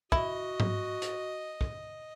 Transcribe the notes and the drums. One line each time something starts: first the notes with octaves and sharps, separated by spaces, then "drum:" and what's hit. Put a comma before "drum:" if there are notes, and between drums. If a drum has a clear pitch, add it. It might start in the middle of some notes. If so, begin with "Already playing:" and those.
E4 F#4 D#5, drum: kick
drum: tom G#2
drum: hi-hat
drum: kick